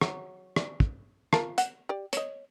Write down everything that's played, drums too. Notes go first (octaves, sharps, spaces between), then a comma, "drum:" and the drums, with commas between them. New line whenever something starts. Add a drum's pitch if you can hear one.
F#3, drum: rim click
D5, drum: rim click
drum: kick
F4 A#4 A5, drum: rim click
F#5, drum: hi-hat
G4 D5
C#5 D#5, drum: hi-hat